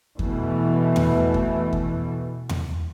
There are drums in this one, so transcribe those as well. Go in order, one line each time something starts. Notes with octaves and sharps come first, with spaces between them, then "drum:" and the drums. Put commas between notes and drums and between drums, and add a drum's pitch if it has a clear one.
B2 E3 A3, drum: kick E2
drum: tom E2
drum: kick E2
drum: kick E2
drum: tom E2